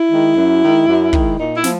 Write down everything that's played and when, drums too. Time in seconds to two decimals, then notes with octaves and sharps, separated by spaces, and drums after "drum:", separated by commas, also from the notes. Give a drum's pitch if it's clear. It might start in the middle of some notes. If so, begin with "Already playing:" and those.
Already playing: E4
0.12 D#3 G#3
0.37 F#2
0.62 D#3 G#3
0.87 F#2
1.13 D#3 G#3, drum: kick
1.38 A#2 D#4
1.55 E4
1.64 F3, drum: snare